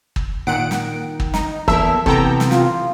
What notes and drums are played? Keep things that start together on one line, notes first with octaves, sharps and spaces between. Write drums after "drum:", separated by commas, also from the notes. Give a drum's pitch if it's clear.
drum: kick
A#2 D#3 F#5 D7
drum: snare
drum: kick
D#4, drum: snare
E2 A#3 A4 A#4 E5, drum: kick
C3 E3 B3 A4 G5 A#5, drum: kick
drum: snare
F4, drum: snare